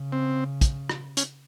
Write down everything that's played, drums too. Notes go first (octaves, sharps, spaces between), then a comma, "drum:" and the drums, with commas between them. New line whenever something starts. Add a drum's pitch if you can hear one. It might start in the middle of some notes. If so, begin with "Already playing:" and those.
Already playing: C#3
C4
drum: kick, hi-hat
drum: rim click
C#4, drum: hi-hat